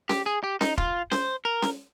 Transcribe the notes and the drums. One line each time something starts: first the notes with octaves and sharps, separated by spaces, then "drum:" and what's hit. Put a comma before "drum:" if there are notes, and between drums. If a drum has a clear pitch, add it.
G4, drum: snare C#4
G#4
G4
D#4, drum: snare C#4
F4, drum: kick
C5, drum: snare C#4
A#4
drum: snare C#4